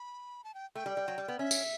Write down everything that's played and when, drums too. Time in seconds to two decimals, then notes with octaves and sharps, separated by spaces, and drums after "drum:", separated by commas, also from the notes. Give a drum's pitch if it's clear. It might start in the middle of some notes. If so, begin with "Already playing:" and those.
Already playing: B5
0.44 A5
0.54 G5
0.75 A3 G5
0.86 G3
0.97 G3
1.08 F#3
1.18 G3
1.28 B3
1.39 C#4 E5
1.51 drum: tambourine